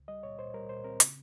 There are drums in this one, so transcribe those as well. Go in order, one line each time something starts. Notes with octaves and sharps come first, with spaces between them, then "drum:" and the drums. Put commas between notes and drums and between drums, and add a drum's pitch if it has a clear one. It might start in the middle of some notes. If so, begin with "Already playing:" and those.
Already playing: C#2
G3 D#5
A#2 C#5
A#2 C5
G3 A#4
A#2 C5
C4 A#4
C#3, drum: hi-hat